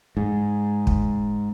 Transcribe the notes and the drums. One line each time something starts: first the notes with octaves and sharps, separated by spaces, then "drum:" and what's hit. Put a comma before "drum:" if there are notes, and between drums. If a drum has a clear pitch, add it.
G#2
drum: kick